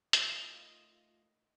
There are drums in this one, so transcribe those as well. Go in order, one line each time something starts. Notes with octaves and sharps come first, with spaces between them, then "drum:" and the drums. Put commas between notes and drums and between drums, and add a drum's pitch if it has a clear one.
A3 D#4 F4 A4 A#4 D#5 B5, drum: hi-hat